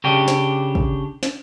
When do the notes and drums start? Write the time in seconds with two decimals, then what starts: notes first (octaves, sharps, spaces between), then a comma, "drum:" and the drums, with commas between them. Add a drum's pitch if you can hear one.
0.04 C#3 D4 G4
0.28 drum: snare
0.75 drum: kick
1.23 drum: snare